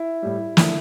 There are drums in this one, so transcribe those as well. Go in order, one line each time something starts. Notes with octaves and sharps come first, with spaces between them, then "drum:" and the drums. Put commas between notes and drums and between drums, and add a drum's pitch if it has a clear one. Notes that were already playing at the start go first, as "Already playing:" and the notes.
Already playing: E4 E5
A2 G3
D3 F3 A3 E4 E5, drum: snare